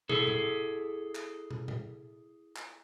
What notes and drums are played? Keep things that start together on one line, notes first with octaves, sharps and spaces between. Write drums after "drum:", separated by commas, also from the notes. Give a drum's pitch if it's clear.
E4 G#4 A4, drum: tom
drum: tom A#2
drum: clap
drum: tom
drum: tom A#2
drum: clap